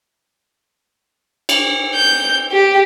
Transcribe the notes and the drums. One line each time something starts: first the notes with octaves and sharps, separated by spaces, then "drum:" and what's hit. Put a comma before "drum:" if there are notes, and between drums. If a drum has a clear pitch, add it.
drum: cymbal
G6
G4